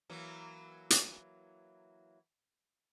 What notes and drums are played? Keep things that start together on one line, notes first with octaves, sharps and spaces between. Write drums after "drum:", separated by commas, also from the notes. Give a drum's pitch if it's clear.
E3 F#3 A#3
drum: hi-hat